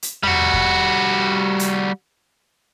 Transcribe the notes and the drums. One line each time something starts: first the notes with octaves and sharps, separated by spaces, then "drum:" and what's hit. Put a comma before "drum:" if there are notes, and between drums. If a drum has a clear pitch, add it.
drum: hi-hat
G3 F#4, drum: tom E2
drum: kick E2
drum: hi-hat